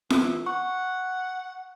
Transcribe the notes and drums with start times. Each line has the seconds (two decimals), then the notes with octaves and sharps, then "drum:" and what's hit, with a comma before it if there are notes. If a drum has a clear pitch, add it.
0.10 E3, drum: snare F4
0.46 F#5 C#6